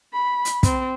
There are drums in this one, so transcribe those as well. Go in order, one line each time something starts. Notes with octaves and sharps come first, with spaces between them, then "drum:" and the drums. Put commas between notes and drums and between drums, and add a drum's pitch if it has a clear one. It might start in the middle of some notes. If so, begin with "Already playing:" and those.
B5
drum: hi-hat
C4, drum: kick, hi-hat